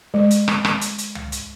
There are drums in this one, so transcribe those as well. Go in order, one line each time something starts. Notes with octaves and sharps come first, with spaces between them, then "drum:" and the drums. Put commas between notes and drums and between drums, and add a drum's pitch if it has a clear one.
G#3
drum: hi-hat
drum: rim click
drum: rim click
drum: hi-hat
drum: hi-hat
drum: tom
drum: hi-hat